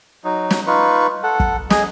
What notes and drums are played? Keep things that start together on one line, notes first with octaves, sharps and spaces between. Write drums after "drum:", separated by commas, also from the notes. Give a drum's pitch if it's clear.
F#3 D#4
drum: snare
D#4 F4 B4 C#6
A4 F#5
drum: kick
G#4 D#5, drum: snare